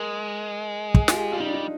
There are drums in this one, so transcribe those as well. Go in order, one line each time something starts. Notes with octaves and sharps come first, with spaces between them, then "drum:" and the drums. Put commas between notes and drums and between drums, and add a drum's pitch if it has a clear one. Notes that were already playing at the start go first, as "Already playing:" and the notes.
Already playing: G#3 A#4
G#4, drum: kick
F4, drum: snare
G4
G3 F4
D#4
D4
D#4